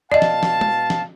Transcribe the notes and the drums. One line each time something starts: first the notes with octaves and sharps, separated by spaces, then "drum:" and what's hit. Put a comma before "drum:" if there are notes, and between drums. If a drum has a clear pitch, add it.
B2 D5 D#5 F5 A5
drum: snare
drum: snare
drum: tom G#3
drum: snare